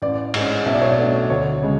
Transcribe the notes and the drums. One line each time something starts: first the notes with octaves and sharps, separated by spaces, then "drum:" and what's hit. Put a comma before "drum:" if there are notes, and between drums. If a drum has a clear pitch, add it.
A1 D5
G#2 G#3 C#4, drum: cymbal
B1 E5
D5
C#5
D5
B2 A3 D4
D2 C#5
C#3 G#3